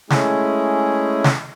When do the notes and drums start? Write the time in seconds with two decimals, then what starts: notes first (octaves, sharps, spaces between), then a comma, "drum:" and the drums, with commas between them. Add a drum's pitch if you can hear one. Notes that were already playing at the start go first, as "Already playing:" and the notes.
0.10 G#3 A3 C#4 E4 G#4, drum: snare
1.24 drum: snare